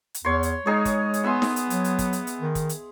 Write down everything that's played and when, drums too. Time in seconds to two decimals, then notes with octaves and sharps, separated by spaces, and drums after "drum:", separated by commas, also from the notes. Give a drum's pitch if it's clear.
0.14 drum: hi-hat
0.25 E2 C#5 C6
0.43 drum: hi-hat
0.66 G#3 D#4 G#4 C#5
0.85 drum: kick, hi-hat
1.14 drum: hi-hat
1.24 B3 E5 G#5 C6
1.42 drum: snare D#4
1.56 drum: hi-hat
1.70 F#3, drum: hi-hat
1.84 drum: hi-hat
1.99 drum: kick, hi-hat
2.13 drum: hi-hat
2.27 drum: hi-hat
2.41 D#3
2.55 drum: kick, hi-hat
2.69 drum: hi-hat